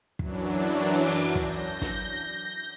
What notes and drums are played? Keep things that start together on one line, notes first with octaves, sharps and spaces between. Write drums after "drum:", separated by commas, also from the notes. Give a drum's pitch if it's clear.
F#2 E3 F#3 D4, drum: kick
drum: open hi-hat
G6 A#6, drum: kick
drum: snare